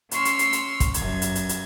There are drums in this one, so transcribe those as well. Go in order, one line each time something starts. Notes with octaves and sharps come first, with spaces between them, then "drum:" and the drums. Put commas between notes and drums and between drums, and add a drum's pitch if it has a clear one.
C#4 C6 C#6 E6 F6, drum: hi-hat
drum: hi-hat
drum: hi-hat
drum: hi-hat
drum: kick, hi-hat
F#2 G#6, drum: hi-hat
drum: hi-hat
drum: hi-hat
drum: hi-hat